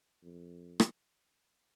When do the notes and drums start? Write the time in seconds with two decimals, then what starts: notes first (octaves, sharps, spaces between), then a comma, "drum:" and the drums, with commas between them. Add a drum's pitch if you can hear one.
0.23 F2
0.80 drum: rim click